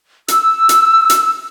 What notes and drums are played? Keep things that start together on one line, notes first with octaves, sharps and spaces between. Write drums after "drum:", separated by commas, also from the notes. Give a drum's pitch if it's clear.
E6, drum: hi-hat
drum: hi-hat
drum: hi-hat